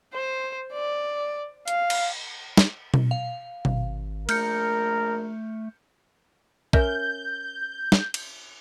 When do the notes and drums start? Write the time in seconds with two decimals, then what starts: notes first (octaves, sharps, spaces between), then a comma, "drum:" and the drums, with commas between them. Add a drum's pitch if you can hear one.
0.14 C5
0.73 D5
1.68 F5, drum: hi-hat
1.90 drum: cymbal
2.57 drum: snare
2.94 drum: tom B2
3.11 F5
3.65 G#1, drum: tom B2
4.29 A#1 A3 A#4 F6 G6 C#7, drum: cymbal
6.73 C#4 A#4 E5 G6, drum: kick
7.92 drum: snare
8.14 drum: cymbal